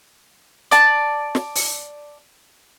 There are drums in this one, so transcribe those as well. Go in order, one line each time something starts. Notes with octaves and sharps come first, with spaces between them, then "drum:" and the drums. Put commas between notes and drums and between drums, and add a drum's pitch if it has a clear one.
D5 A5, drum: hi-hat
drum: snare
drum: open hi-hat